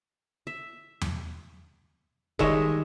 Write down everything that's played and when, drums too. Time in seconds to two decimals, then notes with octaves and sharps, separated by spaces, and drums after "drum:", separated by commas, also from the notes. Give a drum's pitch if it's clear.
0.47 E5
1.01 drum: tom E2
2.39 D#3 G3 G#3 C#5 D#5 E5, drum: kick E1